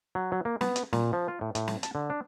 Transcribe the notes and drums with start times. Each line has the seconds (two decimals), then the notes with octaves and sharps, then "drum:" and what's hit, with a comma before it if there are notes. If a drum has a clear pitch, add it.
0.15 F#3
0.32 F#3
0.45 A#3
0.61 B3, drum: snare
0.76 drum: hi-hat
0.93 A#2, drum: snare
1.13 F3
1.28 F4
1.41 A2
1.55 A2, drum: hi-hat
1.68 drum: snare
1.83 A5, drum: hi-hat
1.95 D3
2.10 D4